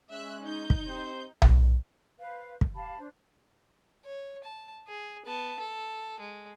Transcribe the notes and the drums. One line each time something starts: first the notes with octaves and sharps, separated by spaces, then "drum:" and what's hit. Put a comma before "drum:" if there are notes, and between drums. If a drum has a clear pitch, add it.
G#3 C#4 E5 F#6
D#4 G6
drum: kick
C4 G4 C5
drum: tom B1
B4 C5 F5
drum: kick
G4 F5 A5 B5
D4 C5
C#5
A5
G#4
B3 A5
A4
G#3